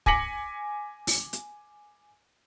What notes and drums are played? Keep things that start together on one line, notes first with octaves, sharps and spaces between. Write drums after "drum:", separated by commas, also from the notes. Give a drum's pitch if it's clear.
G#5 D6 A#6 B6 C#7 F#7, drum: kick
drum: open hi-hat
drum: hi-hat